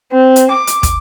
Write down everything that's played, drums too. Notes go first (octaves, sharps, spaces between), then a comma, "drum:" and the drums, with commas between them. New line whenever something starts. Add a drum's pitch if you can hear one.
C4
drum: hi-hat
D6
drum: hi-hat
drum: kick, hi-hat